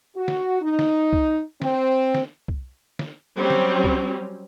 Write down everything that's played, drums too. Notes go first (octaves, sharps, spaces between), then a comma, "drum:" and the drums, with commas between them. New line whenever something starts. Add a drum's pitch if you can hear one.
F#4
drum: snare
D#4
drum: snare
drum: kick
C4, drum: snare
drum: snare
drum: kick
drum: snare
F#3 G3 C4 C#4
drum: snare
drum: kick